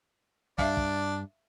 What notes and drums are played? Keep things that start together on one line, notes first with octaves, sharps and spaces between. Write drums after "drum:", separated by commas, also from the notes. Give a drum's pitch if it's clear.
G2 D4 D5 E5 F5, drum: kick
drum: kick